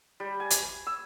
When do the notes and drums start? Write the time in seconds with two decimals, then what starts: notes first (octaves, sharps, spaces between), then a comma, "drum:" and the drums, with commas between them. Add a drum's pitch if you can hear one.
0.20 G3
0.40 G#5
0.50 drum: hi-hat
0.87 E6